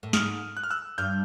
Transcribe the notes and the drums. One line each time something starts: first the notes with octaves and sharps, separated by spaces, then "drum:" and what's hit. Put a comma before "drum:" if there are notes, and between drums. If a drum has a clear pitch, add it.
A2
G#2 D#6 F6, drum: snare
F#6
F6
E6 F#6
G2 F6 G6